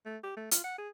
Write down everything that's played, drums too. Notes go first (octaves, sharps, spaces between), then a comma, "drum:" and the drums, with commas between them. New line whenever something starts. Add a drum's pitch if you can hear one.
A3
G4
A3
F4, drum: hi-hat
F#5
G#4